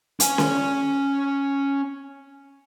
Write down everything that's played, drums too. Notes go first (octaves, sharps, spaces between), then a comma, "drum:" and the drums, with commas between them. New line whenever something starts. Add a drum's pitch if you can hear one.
C#4 G#5, drum: hi-hat
drum: snare C#4